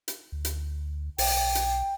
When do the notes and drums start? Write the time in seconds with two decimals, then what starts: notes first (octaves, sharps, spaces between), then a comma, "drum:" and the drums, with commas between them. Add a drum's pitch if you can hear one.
0.08 drum: hi-hat
0.32 D2
0.45 drum: hi-hat
1.18 B1 G5, drum: open hi-hat
1.55 drum: hi-hat